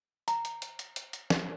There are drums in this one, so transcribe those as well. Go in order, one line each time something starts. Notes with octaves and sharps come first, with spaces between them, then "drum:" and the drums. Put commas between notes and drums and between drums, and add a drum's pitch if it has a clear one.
A#5, drum: hi-hat
drum: hi-hat
drum: hi-hat
drum: hi-hat
drum: hi-hat
drum: hi-hat
drum: snare